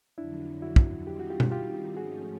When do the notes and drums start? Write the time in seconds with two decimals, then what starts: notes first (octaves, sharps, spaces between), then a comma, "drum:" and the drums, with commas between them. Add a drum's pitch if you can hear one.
0.17 F2 D3 F#3 D4 E4
0.62 E4 F#4
0.76 drum: kick
1.07 D#3 G3 C4 D#4 G4
1.20 F#4
1.30 F4 G4
1.40 drum: tom
1.52 F4 G4
1.97 G#2 F3 A3 C#4 F#4 G#4